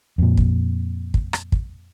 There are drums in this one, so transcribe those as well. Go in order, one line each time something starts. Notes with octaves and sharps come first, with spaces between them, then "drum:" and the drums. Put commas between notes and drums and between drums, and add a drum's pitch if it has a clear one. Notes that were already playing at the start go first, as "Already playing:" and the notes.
F2 A#2
drum: kick
drum: kick
drum: rim click
drum: kick